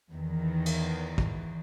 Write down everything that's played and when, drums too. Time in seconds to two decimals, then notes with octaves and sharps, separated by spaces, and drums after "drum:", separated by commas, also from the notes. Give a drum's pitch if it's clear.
0.12 E2 D#3 E3
0.66 drum: cymbal
1.18 drum: kick